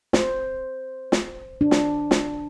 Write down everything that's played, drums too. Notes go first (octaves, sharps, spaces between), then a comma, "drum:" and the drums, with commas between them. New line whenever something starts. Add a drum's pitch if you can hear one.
C5, drum: snare
drum: snare
D4
drum: snare
drum: snare